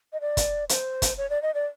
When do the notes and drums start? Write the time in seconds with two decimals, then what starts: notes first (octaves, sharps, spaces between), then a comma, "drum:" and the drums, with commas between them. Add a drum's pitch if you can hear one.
0.13 D#5
0.21 D5
0.37 drum: kick, hi-hat
0.69 C5, drum: hi-hat
1.02 drum: kick, hi-hat
1.18 C#5
1.30 D5
1.42 D#5
1.54 D5